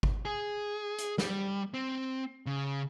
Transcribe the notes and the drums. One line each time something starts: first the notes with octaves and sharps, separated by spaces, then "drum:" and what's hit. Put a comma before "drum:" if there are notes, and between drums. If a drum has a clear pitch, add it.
drum: kick
G#4
drum: hi-hat
G3, drum: snare
C4
C#3